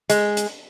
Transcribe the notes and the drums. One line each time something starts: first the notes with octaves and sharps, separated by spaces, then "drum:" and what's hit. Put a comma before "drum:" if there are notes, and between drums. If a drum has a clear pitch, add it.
G#3, drum: hi-hat
drum: hi-hat